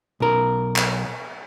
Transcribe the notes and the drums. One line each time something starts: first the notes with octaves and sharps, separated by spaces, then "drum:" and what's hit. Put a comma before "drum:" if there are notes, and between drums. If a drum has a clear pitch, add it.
B1 A#4
drum: clap